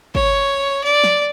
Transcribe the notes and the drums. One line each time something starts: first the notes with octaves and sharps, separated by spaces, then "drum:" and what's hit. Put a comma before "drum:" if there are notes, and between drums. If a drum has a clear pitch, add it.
C#5, drum: kick
D5
drum: snare